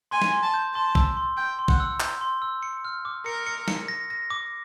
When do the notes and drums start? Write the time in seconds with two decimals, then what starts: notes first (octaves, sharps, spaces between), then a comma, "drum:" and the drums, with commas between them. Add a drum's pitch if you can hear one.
0.11 G#5 C6
0.22 drum: snare
0.33 C6
0.43 A5
0.54 G6
0.74 A5 C6
0.95 E6, drum: kick
1.17 C6
1.37 G5 G6
1.59 C6
1.68 F#5, drum: kick
1.80 E6
2.00 G6, drum: clap
2.21 C6
2.42 E6
2.63 C#7
2.85 F6
3.05 D6
3.26 A#4 C#7
3.47 C#7
3.68 C#7, drum: snare
3.88 A#6
4.10 A#6
4.30 D6